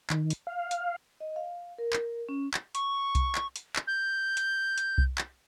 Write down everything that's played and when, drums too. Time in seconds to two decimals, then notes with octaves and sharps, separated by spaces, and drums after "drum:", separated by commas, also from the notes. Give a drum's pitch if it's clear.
0.10 D#3, drum: clap
0.30 drum: hi-hat
0.47 F5
0.71 drum: hi-hat
1.20 D#5
1.36 F5
1.78 A#4
1.93 drum: clap
2.29 C#4
2.54 drum: clap
2.75 C#6, drum: hi-hat
3.15 drum: kick C2, hi-hat
3.35 drum: clap
3.56 drum: hi-hat
3.76 drum: clap
3.87 G6
4.37 drum: hi-hat
4.78 drum: hi-hat
4.98 drum: kick C2
5.18 drum: clap